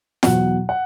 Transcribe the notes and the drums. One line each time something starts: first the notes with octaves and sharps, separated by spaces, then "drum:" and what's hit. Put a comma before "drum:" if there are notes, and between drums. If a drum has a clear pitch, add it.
E2 B2 F#3 F#5, drum: snare F4
F#5